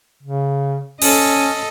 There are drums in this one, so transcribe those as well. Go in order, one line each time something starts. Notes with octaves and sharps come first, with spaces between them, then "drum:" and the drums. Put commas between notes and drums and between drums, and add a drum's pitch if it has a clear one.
C#3
C#4 A4 D#5, drum: open hi-hat